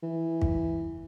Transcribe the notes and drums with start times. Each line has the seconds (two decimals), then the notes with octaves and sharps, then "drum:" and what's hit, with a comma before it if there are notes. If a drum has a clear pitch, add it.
0.02 E3
0.42 drum: kick